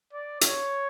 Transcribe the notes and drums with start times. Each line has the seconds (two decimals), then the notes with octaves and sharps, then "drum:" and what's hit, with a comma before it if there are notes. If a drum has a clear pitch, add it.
0.13 D5
0.41 C#5, drum: hi-hat